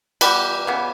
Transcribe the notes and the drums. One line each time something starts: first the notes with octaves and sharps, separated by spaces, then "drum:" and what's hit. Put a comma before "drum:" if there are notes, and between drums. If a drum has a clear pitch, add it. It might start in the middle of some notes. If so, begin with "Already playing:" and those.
E3 G3 B3 G4 B4, drum: cymbal
C#3 E3 B3